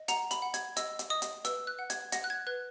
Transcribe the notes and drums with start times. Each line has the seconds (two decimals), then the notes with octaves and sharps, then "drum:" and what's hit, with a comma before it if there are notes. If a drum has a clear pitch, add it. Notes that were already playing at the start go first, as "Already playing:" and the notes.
Already playing: D#5
0.08 F#5 A#5, drum: hi-hat
0.31 B5, drum: hi-hat
0.42 F#5
0.54 G#6, drum: hi-hat
0.77 D#5 E6, drum: hi-hat
0.99 drum: hi-hat
1.10 D#5 D#6
1.22 drum: hi-hat
1.45 B4 E6, drum: hi-hat
1.67 F#6
1.79 F#5
1.90 G#6, drum: hi-hat
2.12 F#5 A#6, drum: hi-hat
2.24 F#6
2.30 G#6
2.47 B4 F#6